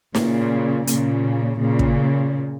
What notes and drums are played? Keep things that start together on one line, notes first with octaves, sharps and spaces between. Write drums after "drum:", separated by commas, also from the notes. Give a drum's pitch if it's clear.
A#2 C#3, drum: snare
A#2 C#3, drum: hi-hat
A#2 C#3
drum: kick